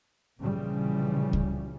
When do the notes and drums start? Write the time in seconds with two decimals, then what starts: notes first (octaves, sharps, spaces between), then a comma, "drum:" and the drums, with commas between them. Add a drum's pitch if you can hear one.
0.40 A#1 C#3 E3 F3 G3 C#4
1.33 drum: kick C#2